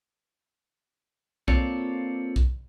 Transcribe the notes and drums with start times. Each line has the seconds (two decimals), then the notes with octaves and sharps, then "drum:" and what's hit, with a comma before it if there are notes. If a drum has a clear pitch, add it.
1.48 A#3 C4 F4 A4 C#5 D5, drum: kick B1
2.36 drum: kick B1